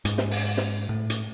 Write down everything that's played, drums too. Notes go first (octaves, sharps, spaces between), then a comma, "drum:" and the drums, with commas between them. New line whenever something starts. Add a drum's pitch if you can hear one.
G#2, drum: hi-hat
drum: snare
drum: open hi-hat
drum: snare
A2
drum: hi-hat